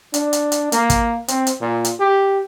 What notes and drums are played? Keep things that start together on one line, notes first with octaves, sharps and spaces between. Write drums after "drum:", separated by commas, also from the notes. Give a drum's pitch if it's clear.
D4, drum: hi-hat
drum: hi-hat
drum: hi-hat
A#3, drum: hi-hat
drum: kick, hi-hat
C4, drum: hi-hat
drum: hi-hat
A#2
drum: hi-hat
G4